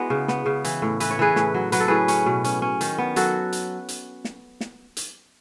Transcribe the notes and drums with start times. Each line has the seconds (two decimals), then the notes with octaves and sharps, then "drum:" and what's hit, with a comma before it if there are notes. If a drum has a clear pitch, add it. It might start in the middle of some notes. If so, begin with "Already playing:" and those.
Already playing: G#3 B3 E4 F#4
0.10 C#3
0.28 B3, drum: snare
0.46 C#3
0.64 E3, drum: hi-hat
0.82 A2
1.00 E3 B4, drum: hi-hat
1.11 C#5
1.19 E3 G#4 B4
1.36 A2, drum: snare
1.54 F#3
1.72 F#3 B4, drum: hi-hat
1.80 A4
1.88 A2 G#4 B4
2.08 C#4, drum: hi-hat
2.26 B2
2.44 C#4, drum: hi-hat
2.62 C#4
2.81 D#3, drum: hi-hat
2.98 B3
3.16 F#3 F#4 A4, drum: hi-hat
3.52 drum: hi-hat
3.89 drum: hi-hat
4.25 drum: snare
4.61 drum: snare
4.97 drum: hi-hat